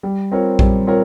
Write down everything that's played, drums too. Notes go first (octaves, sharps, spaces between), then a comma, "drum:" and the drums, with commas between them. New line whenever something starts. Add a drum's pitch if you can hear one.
G3
C4 F4 A#4 C#5
G3, drum: kick A#1
C4 F4 A#4 C#5